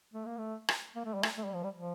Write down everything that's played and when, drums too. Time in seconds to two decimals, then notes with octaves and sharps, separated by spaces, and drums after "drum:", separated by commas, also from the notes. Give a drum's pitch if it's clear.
0.14 A3
0.25 A#3
0.37 A3
0.69 drum: rim click
0.95 A#3
1.05 A3
1.14 G3
1.23 A3, drum: rim click
1.37 A3
1.45 G3
1.54 F3
1.63 G3
1.79 F3